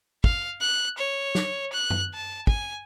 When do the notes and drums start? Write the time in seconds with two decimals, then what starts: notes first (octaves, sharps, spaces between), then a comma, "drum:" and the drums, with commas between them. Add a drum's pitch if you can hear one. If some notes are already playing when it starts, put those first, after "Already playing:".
0.24 F5, drum: kick
0.61 F#6
0.98 C#5
1.35 drum: snare
1.73 F#6
1.90 drum: tom F#2
2.14 A5
2.47 G#5, drum: kick